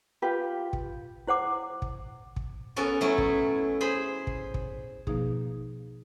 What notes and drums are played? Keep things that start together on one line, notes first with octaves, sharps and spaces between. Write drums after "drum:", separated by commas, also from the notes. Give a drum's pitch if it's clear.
F4 G4 B4
drum: kick
E4 C5 F#5 D6
drum: kick
drum: kick
B3 C#4 A4 A#4
F#3 A3 C#4 E4
drum: kick
G#4 C5 B5
drum: kick
drum: kick
B2 F3 A#3 D#4 G#4, drum: kick